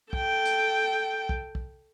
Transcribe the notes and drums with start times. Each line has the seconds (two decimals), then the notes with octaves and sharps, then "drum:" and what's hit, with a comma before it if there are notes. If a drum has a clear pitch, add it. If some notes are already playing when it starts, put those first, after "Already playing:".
0.13 A4 G5, drum: kick
0.46 drum: hi-hat
1.29 drum: kick
1.55 drum: kick